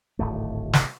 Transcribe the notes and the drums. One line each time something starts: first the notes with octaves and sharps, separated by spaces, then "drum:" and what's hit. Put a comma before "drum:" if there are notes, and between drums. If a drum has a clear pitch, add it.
D1 G#1 A3
drum: snare